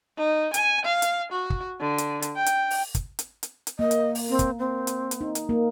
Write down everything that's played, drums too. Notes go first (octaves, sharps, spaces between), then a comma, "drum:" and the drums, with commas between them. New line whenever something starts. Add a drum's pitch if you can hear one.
D#4
G#5, drum: hi-hat
F5
drum: hi-hat
F#4
drum: kick
D3
drum: hi-hat
drum: hi-hat
G5
drum: hi-hat
drum: open hi-hat
drum: kick, hi-hat
drum: hi-hat
drum: hi-hat
drum: hi-hat
A#3 D#5
drum: hi-hat
drum: open hi-hat
C4
drum: kick, hi-hat
C4
drum: hi-hat
drum: hi-hat
D#4
drum: hi-hat
A#3